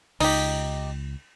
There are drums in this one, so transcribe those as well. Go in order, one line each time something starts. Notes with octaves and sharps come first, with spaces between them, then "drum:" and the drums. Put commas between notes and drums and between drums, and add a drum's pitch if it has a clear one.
C#2 D#4 G4, drum: cymbal